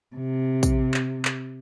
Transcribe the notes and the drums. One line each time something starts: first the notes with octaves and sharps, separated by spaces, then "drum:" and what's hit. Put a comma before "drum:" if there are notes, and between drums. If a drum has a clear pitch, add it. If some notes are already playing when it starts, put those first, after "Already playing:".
C3
drum: kick, tambourine
drum: clap
drum: clap